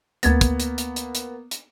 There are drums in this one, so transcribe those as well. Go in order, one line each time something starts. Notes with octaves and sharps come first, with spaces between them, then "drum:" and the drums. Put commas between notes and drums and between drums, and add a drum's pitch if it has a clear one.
D2 A#3 B3 G#6 A6, drum: hi-hat
drum: kick, hi-hat
drum: hi-hat
drum: hi-hat
drum: hi-hat
drum: hi-hat
drum: hi-hat